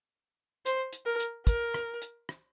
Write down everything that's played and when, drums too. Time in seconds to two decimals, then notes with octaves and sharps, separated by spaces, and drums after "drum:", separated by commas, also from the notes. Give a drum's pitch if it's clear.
0.66 C5, drum: hi-hat
0.93 drum: hi-hat
1.06 A#4
1.20 drum: hi-hat
1.47 A#4, drum: kick, hi-hat
1.74 drum: rim click
2.02 drum: hi-hat
2.29 drum: rim click